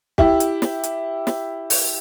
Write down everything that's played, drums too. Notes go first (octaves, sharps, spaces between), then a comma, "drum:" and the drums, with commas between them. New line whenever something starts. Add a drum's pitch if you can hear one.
E4 G4, drum: kick
drum: hi-hat
drum: snare
drum: hi-hat
drum: snare
drum: open hi-hat